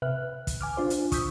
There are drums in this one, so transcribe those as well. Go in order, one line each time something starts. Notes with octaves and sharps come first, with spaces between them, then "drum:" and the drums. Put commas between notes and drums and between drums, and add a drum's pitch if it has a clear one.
C3 B4 E5 F6 F#6
drum: kick, hi-hat
G#5 D6 F6
D4 F4 C5
drum: hi-hat
C#6 D#6 E6 G6 B6, drum: kick, hi-hat